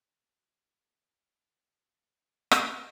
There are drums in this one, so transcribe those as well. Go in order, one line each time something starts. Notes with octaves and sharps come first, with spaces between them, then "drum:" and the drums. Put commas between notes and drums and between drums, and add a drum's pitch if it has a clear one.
A3 A#3 E4 F#4 G#4
drum: rim click